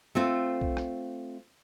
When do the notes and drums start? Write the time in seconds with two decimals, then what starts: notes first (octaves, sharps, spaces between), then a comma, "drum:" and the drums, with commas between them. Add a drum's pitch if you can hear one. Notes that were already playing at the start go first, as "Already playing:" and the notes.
0.15 A3 C4 F4
0.61 drum: kick B1
0.77 drum: rim click